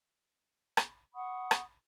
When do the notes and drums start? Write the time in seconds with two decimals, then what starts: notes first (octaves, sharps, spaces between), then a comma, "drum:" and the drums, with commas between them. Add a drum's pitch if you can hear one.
0.77 drum: rim click
1.14 F#5 B5 C#6 D#6
1.51 drum: rim click